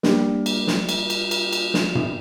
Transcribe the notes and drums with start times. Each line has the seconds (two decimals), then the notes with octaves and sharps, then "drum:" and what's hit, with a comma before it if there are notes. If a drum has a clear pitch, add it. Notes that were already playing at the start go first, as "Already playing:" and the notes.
0.03 G3 A#3 D4 G4, drum: snare
0.46 drum: cymbal
0.67 drum: snare
0.89 drum: cymbal
1.10 drum: cymbal
1.31 drum: cymbal
1.53 drum: cymbal
1.74 drum: snare
1.95 drum: tom G2